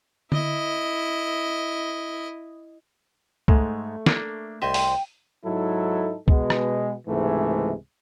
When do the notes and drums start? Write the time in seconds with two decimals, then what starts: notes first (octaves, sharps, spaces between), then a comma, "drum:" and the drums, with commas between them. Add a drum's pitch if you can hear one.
0.32 E4 D#5, drum: tom D3
3.48 G#2 G#3 A3, drum: kick C2
4.06 A#3 D4, drum: snare
4.62 C2 D#5 E5 G5 C6
4.74 drum: open hi-hat
5.45 G#2 F#3 D#4 E4 A4
6.28 B2 G#3 B3, drum: kick C2
6.50 drum: rim click
7.08 C#2 G#2 C3 E3 G#3 A3